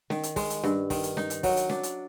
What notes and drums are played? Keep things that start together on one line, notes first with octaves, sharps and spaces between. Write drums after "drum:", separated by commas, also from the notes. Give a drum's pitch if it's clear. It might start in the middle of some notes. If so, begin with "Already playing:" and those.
D#3, drum: snare C#4
drum: hi-hat
G#3, drum: kick, open hi-hat
drum: hi-hat
G2, drum: snare C#4
D#3, drum: kick, open hi-hat
drum: hi-hat
D#4, drum: snare C#4
drum: hi-hat
F#3, drum: kick, open hi-hat
drum: hi-hat
D4, drum: snare C#4
drum: hi-hat